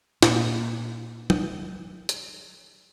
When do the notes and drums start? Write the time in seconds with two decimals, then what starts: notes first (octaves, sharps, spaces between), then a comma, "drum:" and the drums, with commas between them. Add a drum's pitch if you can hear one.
0.22 A#2 A#3, drum: snare
1.30 drum: tom
2.09 drum: hi-hat